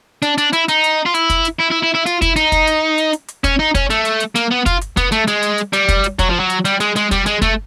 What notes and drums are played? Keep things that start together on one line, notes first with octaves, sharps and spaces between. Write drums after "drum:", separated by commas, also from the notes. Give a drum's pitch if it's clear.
D4, drum: hi-hat
D4, drum: hi-hat
E4, drum: hi-hat
D#4, drum: hi-hat
drum: hi-hat
F4
E4, drum: hi-hat
drum: kick, hi-hat
drum: hi-hat
E4
E4
E4
E4
F4, drum: hi-hat
E4, drum: kick, hi-hat
D#4, drum: hi-hat
drum: kick, hi-hat
drum: hi-hat
drum: hi-hat
drum: hi-hat
drum: hi-hat
C#4, drum: kick, hi-hat
D#4
C#4, drum: kick, hi-hat
A3, drum: hi-hat
drum: hi-hat
drum: hi-hat
A#3, drum: hi-hat
B3
F4, drum: kick, hi-hat
drum: hi-hat
B3, drum: kick, hi-hat
A3, drum: hi-hat
G#3, drum: hi-hat
drum: hi-hat
drum: hi-hat
G3, drum: hi-hat
drum: kick, hi-hat
drum: hi-hat
F#3, drum: kick, hi-hat
F3
F#3
drum: hi-hat
G3, drum: hi-hat
G#3, drum: hi-hat
G#3, drum: hi-hat
G3, drum: kick, hi-hat
G#3, drum: hi-hat
A3, drum: kick, hi-hat